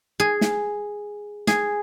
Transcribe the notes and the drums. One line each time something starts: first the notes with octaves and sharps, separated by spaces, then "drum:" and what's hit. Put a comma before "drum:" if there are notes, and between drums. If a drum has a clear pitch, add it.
G#4
drum: snare
G#4, drum: snare